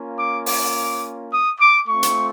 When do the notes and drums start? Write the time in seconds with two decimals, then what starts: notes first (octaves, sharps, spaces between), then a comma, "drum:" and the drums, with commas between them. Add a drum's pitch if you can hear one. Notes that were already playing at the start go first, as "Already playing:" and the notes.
Already playing: A#3 C#4 F4
0.18 D6
0.46 D6, drum: open hi-hat
1.31 D#6
1.60 D6
1.88 A3 C4 F4 C#6
2.03 drum: hi-hat